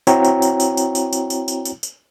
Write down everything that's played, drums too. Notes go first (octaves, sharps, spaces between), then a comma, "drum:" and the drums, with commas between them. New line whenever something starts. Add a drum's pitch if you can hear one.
C4 E4 F#4 C#5 G5 A#5, drum: tambourine
drum: tambourine
drum: tambourine
drum: tambourine
drum: tambourine
drum: tambourine
drum: tambourine
drum: tambourine
drum: tambourine
drum: tambourine
drum: tambourine